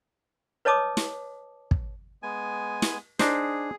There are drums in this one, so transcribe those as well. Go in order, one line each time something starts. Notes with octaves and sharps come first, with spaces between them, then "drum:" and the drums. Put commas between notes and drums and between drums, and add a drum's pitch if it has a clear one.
B4 C#5 D#5 A5 D6 D#6
drum: snare
drum: kick
G#3 B3 G#5
drum: snare
D4 D#4 G#4 C5, drum: snare